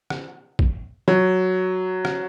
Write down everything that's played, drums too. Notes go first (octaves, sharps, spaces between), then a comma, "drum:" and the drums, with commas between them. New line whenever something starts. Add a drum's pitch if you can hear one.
drum: rim click
drum: kick
F#3
drum: rim click